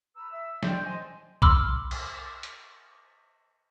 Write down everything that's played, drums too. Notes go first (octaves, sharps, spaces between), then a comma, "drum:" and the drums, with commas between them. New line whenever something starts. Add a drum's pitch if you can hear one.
B4 A#5 E6
E5 E6
D5 G5 C6 G6, drum: snare
C5 D#5 G#5 C6
B5 C6 D6 E6 F6, drum: kick B1
drum: cymbal
drum: hi-hat